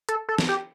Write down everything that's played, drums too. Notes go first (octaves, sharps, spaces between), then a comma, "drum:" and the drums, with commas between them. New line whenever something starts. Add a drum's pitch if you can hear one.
A4, drum: hi-hat
A4
drum: snare
G4